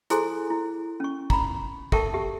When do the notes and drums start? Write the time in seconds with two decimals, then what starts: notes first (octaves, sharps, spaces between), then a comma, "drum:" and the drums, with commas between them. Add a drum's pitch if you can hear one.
0.10 E4 G#4 A4 C5 G#5 C6, drum: hi-hat
0.50 E4
1.00 C#4 C#6
1.30 A#5 B5, drum: kick
1.92 A4 A#4 E5 G5 A5 C#6, drum: kick
2.14 G4 E5